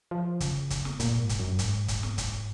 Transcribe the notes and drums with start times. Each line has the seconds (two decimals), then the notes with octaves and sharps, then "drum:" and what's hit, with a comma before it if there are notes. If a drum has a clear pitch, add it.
0.11 F3
0.40 C#3, drum: kick, hi-hat
0.70 drum: kick, hi-hat
0.85 drum: snare
1.00 A#2, drum: kick, hi-hat
1.19 G#2
1.29 drum: kick, hi-hat
1.39 F#2
1.59 G#2, drum: kick, hi-hat
1.88 drum: kick, hi-hat
2.03 drum: snare
2.18 drum: kick, hi-hat